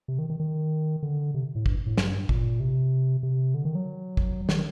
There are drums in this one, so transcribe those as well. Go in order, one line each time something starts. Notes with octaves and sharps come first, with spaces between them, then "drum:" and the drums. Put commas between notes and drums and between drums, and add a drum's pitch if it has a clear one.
C3
D#3
D#3
D#3
D3
C3
A2
G2, drum: kick
A2
G2, drum: snare
A#2, drum: kick
C3
C3
D3
D#3
F#3
drum: kick
D#3, drum: snare